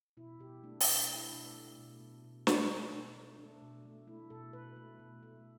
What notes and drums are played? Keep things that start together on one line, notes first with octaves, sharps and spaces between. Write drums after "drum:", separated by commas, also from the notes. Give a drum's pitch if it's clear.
B2 E4
B2 G4
A3 D4
B3, drum: open hi-hat
B2
D4
A3
E4
B2 D4
A3
B2
B2
B2
A3, drum: snare
A3
B2
A3
A3 D4
B2
A3
A3 E4
B2 A4
B2 B4
A3
B2
A3